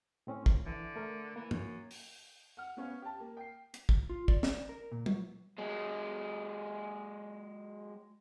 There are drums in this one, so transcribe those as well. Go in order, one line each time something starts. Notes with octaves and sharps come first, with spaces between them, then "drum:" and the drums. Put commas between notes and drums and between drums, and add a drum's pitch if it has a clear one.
A2 C4 C#4
drum: kick
D3 E3 E4
A3 A#4
E3 A#3
F#2, drum: tom G2
drum: open hi-hat
F#5 F6
B3 C#4 C#5 F5
G4 A5
A#3
G5 C7
drum: hi-hat
drum: kick
F4
D5, drum: kick
drum: snare
A#4
A#2
F#3, drum: tom
F#3 G#3